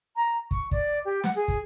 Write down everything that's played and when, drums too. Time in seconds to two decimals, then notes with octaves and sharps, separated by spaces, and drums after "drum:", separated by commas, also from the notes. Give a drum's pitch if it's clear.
0.16 A#5
0.51 C#6, drum: kick
0.71 D5, drum: kick
1.05 G4
1.24 F#5, drum: snare
1.36 G#4
1.48 drum: kick